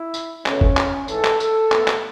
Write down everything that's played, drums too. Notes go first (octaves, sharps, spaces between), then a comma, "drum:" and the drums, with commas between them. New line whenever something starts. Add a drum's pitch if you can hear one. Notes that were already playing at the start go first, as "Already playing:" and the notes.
Already playing: E4
drum: tambourine
C#2 B2 A3 C#4, drum: clap
drum: kick
drum: clap
G#2 E3 A3 A4, drum: tambourine
drum: clap
A4, drum: tambourine
B2 A3, drum: clap
drum: clap